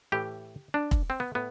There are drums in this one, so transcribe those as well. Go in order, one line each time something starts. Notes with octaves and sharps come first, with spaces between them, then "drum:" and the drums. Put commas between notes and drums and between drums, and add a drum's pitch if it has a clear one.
A2 E3 G4
D4
drum: kick
C4
B3
A2 B3